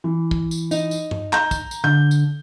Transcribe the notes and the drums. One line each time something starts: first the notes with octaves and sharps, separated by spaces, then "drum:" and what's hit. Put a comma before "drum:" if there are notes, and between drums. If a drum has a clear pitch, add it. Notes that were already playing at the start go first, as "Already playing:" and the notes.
E3
drum: kick
drum: tambourine
D#4, drum: tambourine
drum: tambourine
drum: tom G2
A#5 G6, drum: clap
drum: kick, tambourine
drum: tambourine
D3 G6
drum: tambourine